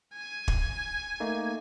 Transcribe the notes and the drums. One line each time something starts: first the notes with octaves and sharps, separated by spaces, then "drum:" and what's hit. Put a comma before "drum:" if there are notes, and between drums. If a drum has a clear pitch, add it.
G#5
drum: kick
A3 A#3 D#4